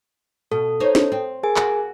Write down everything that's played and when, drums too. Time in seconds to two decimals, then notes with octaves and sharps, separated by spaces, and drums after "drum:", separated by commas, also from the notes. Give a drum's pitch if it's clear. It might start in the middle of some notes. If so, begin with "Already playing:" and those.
0.52 B2 A4
0.80 D#4 C5 C#5
0.95 drum: snare
1.12 C4
1.43 G#4 A#4 G#5
1.56 F#4, drum: clap